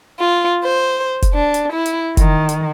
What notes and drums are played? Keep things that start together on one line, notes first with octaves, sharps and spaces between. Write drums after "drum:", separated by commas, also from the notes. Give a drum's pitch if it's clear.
F4
C5
drum: kick, hi-hat
D4
drum: hi-hat
E4
drum: hi-hat
D#3, drum: kick, hi-hat
drum: hi-hat